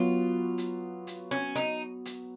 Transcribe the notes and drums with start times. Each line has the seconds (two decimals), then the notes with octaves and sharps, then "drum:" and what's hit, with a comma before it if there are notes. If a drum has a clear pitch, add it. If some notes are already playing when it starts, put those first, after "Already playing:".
Already playing: F#3 B3 F4 F#4 C#5
0.58 drum: hi-hat
1.07 drum: hi-hat
1.31 C#4
1.56 D#4, drum: hi-hat
2.05 drum: hi-hat